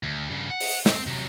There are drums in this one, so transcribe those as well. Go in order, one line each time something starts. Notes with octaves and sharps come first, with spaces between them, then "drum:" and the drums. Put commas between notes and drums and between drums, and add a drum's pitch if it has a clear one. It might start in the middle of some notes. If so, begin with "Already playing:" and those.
D2
G2 C#3
F#5
drum: open hi-hat
C4, drum: snare
C3 F#3